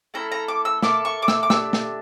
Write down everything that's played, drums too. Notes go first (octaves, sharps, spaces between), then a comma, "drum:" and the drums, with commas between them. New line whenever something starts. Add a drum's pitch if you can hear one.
A3 C#4 E4 A4 A#5
A#5
D6
E6
A#3 E4 A4 D6, drum: snare
C#6
D6
E6, drum: snare
D6
A3 D4 G4 E6, drum: snare
drum: snare